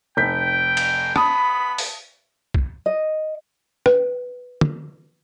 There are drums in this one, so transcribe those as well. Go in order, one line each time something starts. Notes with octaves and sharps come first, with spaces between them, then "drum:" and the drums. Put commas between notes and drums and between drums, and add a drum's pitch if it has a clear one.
F1 G5 G6 B6
drum: cymbal
B3 A5 B5 D#6, drum: rim click
drum: open hi-hat
drum: kick
D#5
B4, drum: rim click
drum: tom